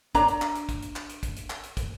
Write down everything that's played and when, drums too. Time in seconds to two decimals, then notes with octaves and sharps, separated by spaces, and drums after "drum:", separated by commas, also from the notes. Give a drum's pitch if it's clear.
0.15 D4 C#5 A#5, drum: kick, hi-hat
0.28 drum: hi-hat
0.42 drum: clap
0.55 drum: hi-hat
0.69 drum: kick, hi-hat
0.82 drum: hi-hat
0.96 drum: clap
1.09 drum: hi-hat
1.23 drum: kick, hi-hat
1.36 drum: hi-hat
1.50 drum: clap
1.63 drum: hi-hat
1.77 drum: kick, hi-hat